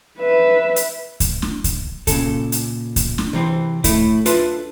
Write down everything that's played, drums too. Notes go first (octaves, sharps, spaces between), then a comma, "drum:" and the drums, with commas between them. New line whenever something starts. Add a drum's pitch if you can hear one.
B4 E5
drum: hi-hat
drum: kick C#2, hi-hat
drum: snare
drum: kick C#2, hi-hat
A#2 C#3 A4, drum: kick C#2, hi-hat
drum: hi-hat
drum: kick C#2, hi-hat
drum: snare
C3 E3 C4
A2 A3 E4, drum: kick C#2, hi-hat
D4 F4 A4 B4 E5 C6, drum: hi-hat